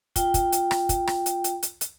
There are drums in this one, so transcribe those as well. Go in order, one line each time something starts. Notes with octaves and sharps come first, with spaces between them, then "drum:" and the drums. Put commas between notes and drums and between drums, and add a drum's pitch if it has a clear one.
F4 G5, drum: kick, hi-hat
drum: kick, hi-hat
drum: hi-hat
drum: rim click
drum: kick, hi-hat
drum: rim click
drum: hi-hat
drum: hi-hat
drum: hi-hat
drum: hi-hat